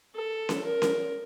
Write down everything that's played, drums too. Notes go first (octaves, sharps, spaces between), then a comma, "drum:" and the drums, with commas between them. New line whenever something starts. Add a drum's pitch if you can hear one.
A4
drum: snare C#4
A#4
drum: snare C#4